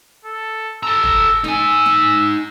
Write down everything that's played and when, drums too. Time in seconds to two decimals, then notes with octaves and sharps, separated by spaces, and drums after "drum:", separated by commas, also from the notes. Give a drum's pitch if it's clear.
0.25 A4
0.83 A4 A#5 E6
1.04 drum: kick
1.44 D#4 G#5 E6, drum: snare
1.86 drum: snare